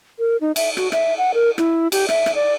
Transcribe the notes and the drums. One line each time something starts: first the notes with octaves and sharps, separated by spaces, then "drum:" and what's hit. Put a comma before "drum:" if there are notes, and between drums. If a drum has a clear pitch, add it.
A#4
D#4
E5, drum: cymbal
F#4, drum: rim click
E5, drum: rim click
F#5
A#4
E4, drum: rim click
G4, drum: cymbal
E5, drum: rim click
drum: rim click
D5